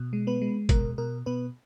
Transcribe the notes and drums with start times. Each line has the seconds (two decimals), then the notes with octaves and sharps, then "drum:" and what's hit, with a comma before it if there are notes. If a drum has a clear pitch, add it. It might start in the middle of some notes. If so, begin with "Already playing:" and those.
Already playing: B2
0.13 G#3
0.27 B3 B4
0.42 G#3
0.69 B2 A#4, drum: kick, hi-hat
0.98 B2 A#4
1.26 B2 B3 B4